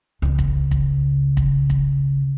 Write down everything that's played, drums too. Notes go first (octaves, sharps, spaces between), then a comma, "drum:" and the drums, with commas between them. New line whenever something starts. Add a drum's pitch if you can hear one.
C#2 C#3
drum: kick
drum: kick
drum: kick
drum: kick